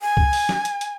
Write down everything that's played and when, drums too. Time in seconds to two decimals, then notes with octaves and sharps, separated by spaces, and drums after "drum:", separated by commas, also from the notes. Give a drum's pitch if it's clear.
0.01 G#5
0.17 drum: kick C2
0.33 drum: open hi-hat
0.49 drum: snare
0.65 drum: hi-hat
0.81 drum: hi-hat